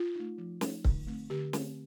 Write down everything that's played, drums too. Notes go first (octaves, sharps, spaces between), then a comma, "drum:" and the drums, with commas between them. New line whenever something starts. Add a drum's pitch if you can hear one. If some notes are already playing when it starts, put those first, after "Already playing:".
Already playing: F4
A3 D#4
F3
A3 D#4, drum: snare
D3, drum: kick C#1
A3 C4
D3 G4
A3 C4, drum: snare